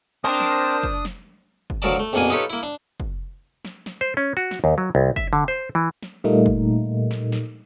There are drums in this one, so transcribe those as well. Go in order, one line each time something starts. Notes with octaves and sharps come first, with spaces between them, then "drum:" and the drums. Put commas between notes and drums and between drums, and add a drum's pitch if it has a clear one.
C4 D4 A#4 C5 A5 D#6
drum: snare
drum: kick
drum: snare
drum: kick
D2 F3 F#3 A#4 D5 A5
A3
A#1 F2 B2 A#3 D4 G#5
D#4 F4 G4 A4 B4 C#5
A#3 E4
D4
drum: kick
drum: snare
drum: snare
C5
C#4
F#4
drum: snare
D#2
F#3
C2
E5, drum: kick
D3
C5
E3
drum: snare
A#2 G3 A3 A#3 D#4
drum: kick
drum: snare
drum: snare